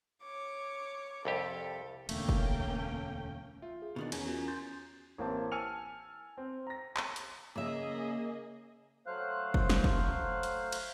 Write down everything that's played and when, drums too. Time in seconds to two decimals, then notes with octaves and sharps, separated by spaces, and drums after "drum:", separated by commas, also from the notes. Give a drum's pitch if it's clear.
0.23 C#5 D6
1.25 C2 F2 G4 A4
2.09 E1 D2 A3 A#3 C#4 G5, drum: cymbal
2.29 drum: kick
3.62 F4 E5
3.82 G#4
3.96 B2 D#3 D4
4.12 E2 C#4, drum: cymbal
4.25 F4 F#4 A#4
4.48 C6 G6 A6
5.18 A1 A#3 C4 A5
5.52 G#5 A5 E6 F6 C#7 F7
6.38 C4
6.67 A#5 A#6
6.97 drum: clap
7.16 drum: hi-hat
7.56 C#3 A#3 G#4 D#5 E5
9.07 F#3 A3 C5 F5 F#6
9.54 drum: kick
9.69 drum: snare
9.84 drum: kick
10.43 drum: hi-hat
10.72 drum: cymbal